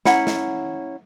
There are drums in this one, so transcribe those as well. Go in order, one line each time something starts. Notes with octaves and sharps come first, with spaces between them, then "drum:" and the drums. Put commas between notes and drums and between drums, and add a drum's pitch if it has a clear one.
C#4 E4 F#5 A#5, drum: snare
drum: snare